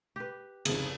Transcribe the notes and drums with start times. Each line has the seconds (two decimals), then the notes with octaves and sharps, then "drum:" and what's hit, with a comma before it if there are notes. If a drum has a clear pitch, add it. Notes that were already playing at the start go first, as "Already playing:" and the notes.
0.16 G4 B4
0.65 F1 C2 G#2 C#3 F3 G#4, drum: cymbal